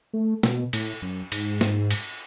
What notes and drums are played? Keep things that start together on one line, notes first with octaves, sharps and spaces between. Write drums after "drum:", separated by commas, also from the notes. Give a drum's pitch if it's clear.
A3
B2, drum: snare
A2, drum: cymbal
F#2
G#2, drum: cymbal
drum: snare
drum: cymbal